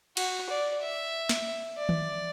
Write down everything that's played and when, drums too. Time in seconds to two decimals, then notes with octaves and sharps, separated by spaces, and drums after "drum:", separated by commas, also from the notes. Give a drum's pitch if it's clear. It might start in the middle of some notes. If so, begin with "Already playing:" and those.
0.17 F#4, drum: cymbal
0.50 D5
0.82 E5
1.29 drum: snare
1.79 D5
1.89 drum: tom D#3